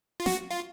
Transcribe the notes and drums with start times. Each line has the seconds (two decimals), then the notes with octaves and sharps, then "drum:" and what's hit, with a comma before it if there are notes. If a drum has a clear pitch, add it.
0.20 F4
0.26 F#4, drum: snare
0.51 F4